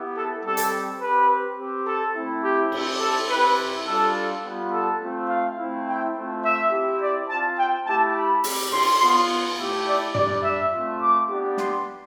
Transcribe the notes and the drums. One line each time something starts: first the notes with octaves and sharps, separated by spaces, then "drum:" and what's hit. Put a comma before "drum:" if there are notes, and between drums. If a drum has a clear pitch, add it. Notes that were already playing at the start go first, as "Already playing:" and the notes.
Already playing: B3 E4 G4
A4
G3 C4 G4 A4
drum: hi-hat
C4 G4 B4
C4 G4
A4
A3 C4 E4
G4
C4 E4 G4, drum: cymbal
A4
C4 E4 G4 B4
G3 D4 F4 A4
G3 B3 F4
A4
A3 C4 F4
F5
A3 C4 E4
G5
A3 C4 F4
E5
C4 E4 G4
D5
C4 F4 A5
G5
A3 E4 G4 A5
B5
C4 G4, drum: open hi-hat
C6, drum: cymbal
B3 F4 C6
A3 E4 G4
D5
G3 D4 G4 D5, drum: tom
E5
A3 C4 F4
D6
B3 D4 G4
C6, drum: snare